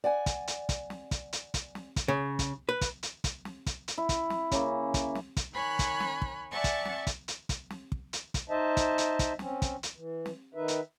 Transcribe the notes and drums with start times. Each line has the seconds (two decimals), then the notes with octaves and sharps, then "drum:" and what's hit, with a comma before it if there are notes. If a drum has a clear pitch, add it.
0.04 D5 F#5 G#5
0.26 drum: kick, hi-hat
0.48 drum: hi-hat
0.69 drum: kick, hi-hat
0.90 drum: snare
1.11 drum: kick, hi-hat
1.33 drum: hi-hat
1.54 drum: kick, hi-hat
1.75 drum: snare
1.96 drum: kick, hi-hat
2.08 C#3
2.39 drum: kick, hi-hat
2.69 B4
2.81 drum: kick, hi-hat
3.03 drum: hi-hat
3.24 drum: kick, hi-hat
3.45 drum: snare
3.66 drum: kick, hi-hat
3.88 drum: hi-hat
3.98 E4
4.09 drum: kick, hi-hat
4.30 drum: snare
4.52 C#3 A#3, drum: kick, hi-hat
4.94 drum: kick, hi-hat
5.15 drum: snare
5.37 drum: kick, hi-hat
5.53 D#3 C#5 G#5 B5 F#6
5.79 drum: kick, hi-hat
6.00 drum: snare
6.22 drum: kick
6.51 D5 E5 F#5 G#5 A5 C#6
6.64 drum: kick, hi-hat
6.85 drum: snare
7.07 drum: kick, hi-hat
7.28 drum: hi-hat
7.49 drum: kick, hi-hat
7.70 drum: snare
7.92 drum: kick
8.13 drum: hi-hat
8.34 drum: kick, hi-hat
8.50 D#4 C5 D#5 E5 A5
8.77 drum: kick, hi-hat
8.98 drum: hi-hat
9.19 drum: kick, hi-hat
9.39 C4 C#4, drum: snare
9.62 drum: kick, hi-hat
9.83 drum: hi-hat
9.97 E3
10.26 drum: snare
10.55 D#3 D#4 B4 E5
10.68 drum: hi-hat